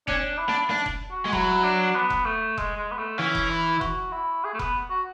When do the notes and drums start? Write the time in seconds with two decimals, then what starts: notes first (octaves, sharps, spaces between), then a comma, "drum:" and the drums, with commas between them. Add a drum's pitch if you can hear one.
0.08 C#4 D4, drum: kick F1
0.39 E4
0.49 D4
0.70 D4
0.86 drum: kick F1
1.11 F#4
1.25 G#3
1.32 F#3 E4, drum: kick F1
1.64 D4
1.95 B3
2.10 drum: kick F1
2.26 A3
2.58 G#3, drum: kick F1
2.77 G#3
2.91 B3
2.98 A3
3.19 E3 C#4
3.35 drum: kick F1
3.50 E4
3.81 F#4, drum: kick F1
4.12 E4
4.44 G#4
4.54 A3
4.59 B3, drum: kick F1
4.90 F#4